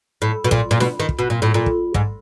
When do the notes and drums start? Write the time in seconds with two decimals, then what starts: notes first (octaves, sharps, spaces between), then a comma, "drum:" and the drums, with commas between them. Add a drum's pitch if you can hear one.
0.22 A2
0.44 B2
0.51 A#2, drum: kick
0.71 A#2
0.80 B2, drum: snare D4
1.00 D#3
1.09 drum: kick
1.19 B2
1.30 A#2
1.42 A2
1.54 A#2
1.66 drum: kick
1.94 G#2, drum: kick